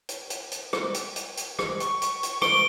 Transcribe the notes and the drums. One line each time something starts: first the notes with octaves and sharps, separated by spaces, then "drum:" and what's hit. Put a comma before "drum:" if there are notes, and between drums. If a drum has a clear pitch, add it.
drum: hi-hat
drum: hi-hat
drum: hi-hat
drum: rim click
drum: hi-hat
drum: hi-hat
drum: hi-hat
drum: rim click
C#6, drum: hi-hat
drum: hi-hat
drum: hi-hat
D7 G7, drum: rim click